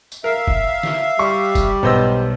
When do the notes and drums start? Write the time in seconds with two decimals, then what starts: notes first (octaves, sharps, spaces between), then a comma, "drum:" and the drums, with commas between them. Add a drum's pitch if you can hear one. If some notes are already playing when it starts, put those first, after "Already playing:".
0.12 drum: tambourine
0.24 A#4 E5 F5
0.48 drum: kick
0.83 drum: snare
1.19 G3 C#6
1.55 drum: kick, tambourine
1.83 B1 B3 C5 D#5 E6 A#6